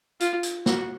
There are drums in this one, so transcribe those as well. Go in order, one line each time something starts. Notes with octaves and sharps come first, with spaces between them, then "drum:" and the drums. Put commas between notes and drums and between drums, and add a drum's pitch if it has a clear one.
F4, drum: hi-hat
drum: hi-hat
F#4, drum: snare